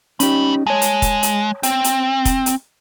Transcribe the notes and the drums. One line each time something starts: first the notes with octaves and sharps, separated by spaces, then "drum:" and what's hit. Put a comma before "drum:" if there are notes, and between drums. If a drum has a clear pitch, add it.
G#3 C#4 D#4 G4 B5, drum: hi-hat
G#3 C#5 A5
drum: hi-hat
drum: kick E1, hi-hat
drum: hi-hat
C4, drum: hi-hat
drum: hi-hat
drum: kick E1, hi-hat
drum: hi-hat